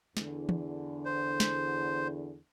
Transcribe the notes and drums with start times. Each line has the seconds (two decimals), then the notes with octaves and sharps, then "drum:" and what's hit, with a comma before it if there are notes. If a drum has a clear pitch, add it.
0.17 E2 D3, drum: snare
0.49 drum: tom
1.05 C5
1.40 drum: snare